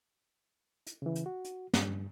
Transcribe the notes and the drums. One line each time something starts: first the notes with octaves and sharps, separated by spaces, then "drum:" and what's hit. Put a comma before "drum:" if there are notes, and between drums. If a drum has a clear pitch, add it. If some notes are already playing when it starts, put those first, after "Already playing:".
drum: hi-hat
C#3 E3
drum: hi-hat
F#4
drum: hi-hat
G2, drum: snare